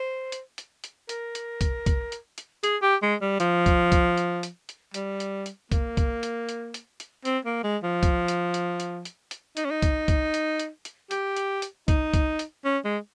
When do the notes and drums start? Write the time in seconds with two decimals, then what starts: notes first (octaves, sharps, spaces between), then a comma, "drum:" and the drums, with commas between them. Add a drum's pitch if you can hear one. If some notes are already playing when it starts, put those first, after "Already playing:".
Already playing: C5
0.32 drum: hi-hat
0.58 drum: hi-hat
0.84 drum: hi-hat
1.09 A#4, drum: hi-hat
1.35 drum: hi-hat
1.61 drum: kick, hi-hat
1.86 drum: kick, hi-hat
2.12 drum: hi-hat
2.38 drum: hi-hat
2.63 G#4, drum: hi-hat
2.82 G4
3.02 G#3
3.22 G3
3.40 F3, drum: hi-hat
3.66 drum: kick, hi-hat
3.92 drum: kick, hi-hat
4.17 drum: hi-hat
4.43 drum: hi-hat
4.69 drum: hi-hat
4.94 G3, drum: hi-hat
5.20 drum: hi-hat
5.46 drum: hi-hat
5.72 A#3, drum: kick, hi-hat
5.97 drum: kick, hi-hat
6.23 drum: hi-hat
6.49 drum: hi-hat
6.74 drum: hi-hat
7.00 drum: hi-hat
7.25 C4, drum: hi-hat
7.45 A#3
7.64 G#3
7.83 F3
8.03 drum: kick, hi-hat
8.28 drum: hi-hat
8.54 drum: hi-hat
8.80 drum: hi-hat
9.05 drum: hi-hat
9.31 drum: hi-hat
9.57 D#4, drum: hi-hat
9.65 C#4
9.71 D#4
9.82 drum: kick, hi-hat
10.08 drum: kick, hi-hat
10.34 drum: hi-hat
10.59 drum: hi-hat
10.85 drum: hi-hat
11.11 G4, drum: hi-hat
11.37 drum: hi-hat
11.62 drum: hi-hat
11.88 D#4, drum: kick, hi-hat
12.14 drum: kick, hi-hat
12.39 drum: hi-hat
12.65 C#4
12.85 G#3